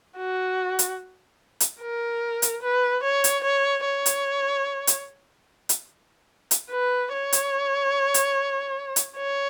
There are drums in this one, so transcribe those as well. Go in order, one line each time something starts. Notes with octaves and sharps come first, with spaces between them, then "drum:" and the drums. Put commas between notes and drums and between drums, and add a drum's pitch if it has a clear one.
F#4
drum: hi-hat
drum: hi-hat
A#4
drum: hi-hat
B4
C#5
drum: hi-hat
C#5
C#5
drum: hi-hat
drum: hi-hat
drum: hi-hat
drum: hi-hat
B4
C#5
drum: hi-hat
drum: hi-hat
drum: hi-hat
C#5